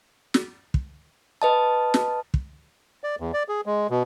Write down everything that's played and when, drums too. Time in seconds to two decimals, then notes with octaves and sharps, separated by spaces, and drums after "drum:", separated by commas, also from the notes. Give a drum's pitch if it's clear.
0.34 drum: snare
0.74 drum: kick
1.42 B4 D#5 A5
1.94 drum: snare
2.34 drum: kick
3.04 D5
3.20 E2
3.33 D5
3.49 G#4
3.66 G#3
3.90 B2